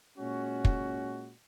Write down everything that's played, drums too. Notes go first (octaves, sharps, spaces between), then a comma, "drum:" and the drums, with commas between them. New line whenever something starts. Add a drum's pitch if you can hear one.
A#2 G#3 C#4 F#4
drum: kick